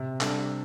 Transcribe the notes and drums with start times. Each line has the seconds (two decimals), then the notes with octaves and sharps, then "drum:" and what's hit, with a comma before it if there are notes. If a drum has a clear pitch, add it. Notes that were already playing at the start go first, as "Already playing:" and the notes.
Already playing: C3
0.21 G3 D4 A4, drum: clap